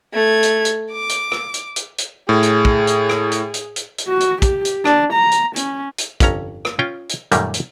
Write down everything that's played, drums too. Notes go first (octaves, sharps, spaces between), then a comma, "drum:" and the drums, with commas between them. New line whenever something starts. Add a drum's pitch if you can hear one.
A3 G#6
drum: hi-hat
drum: hi-hat
D6
drum: hi-hat
drum: rim click
drum: hi-hat
drum: hi-hat
drum: hi-hat
A2 G#4
drum: hi-hat
drum: kick
drum: hi-hat
drum: rim click
drum: hi-hat
drum: hi-hat
drum: hi-hat
drum: hi-hat
F#4
drum: hi-hat
G4, drum: kick, hi-hat
drum: hi-hat
D4, drum: rim click
A#5
drum: hi-hat
C#4, drum: hi-hat
drum: hi-hat
G1 F2 C#4 A#5, drum: kick, hi-hat
drum: rim click
C#4 F4 G5
drum: hi-hat
F#2 A#2 D#3 G3 A3 A#3, drum: hi-hat
drum: hi-hat